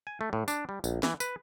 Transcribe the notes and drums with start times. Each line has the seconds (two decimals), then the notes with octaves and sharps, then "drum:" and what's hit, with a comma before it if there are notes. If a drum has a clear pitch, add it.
0.07 G#5
0.21 A3
0.33 A2
0.48 D4, drum: tambourine
0.69 G3
0.84 A#1, drum: tambourine
1.03 E3, drum: snare
1.20 B4, drum: tambourine